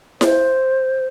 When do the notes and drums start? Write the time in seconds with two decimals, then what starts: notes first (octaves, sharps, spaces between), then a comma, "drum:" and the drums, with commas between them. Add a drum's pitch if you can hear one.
0.21 C5, drum: snare E4